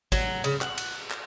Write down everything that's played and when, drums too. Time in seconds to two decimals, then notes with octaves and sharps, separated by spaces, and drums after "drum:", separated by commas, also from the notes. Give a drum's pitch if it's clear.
0.12 F#3, drum: kick, cymbal
0.44 C#3, drum: cymbal
0.61 F#5, drum: clap
0.78 drum: cymbal
1.11 drum: clap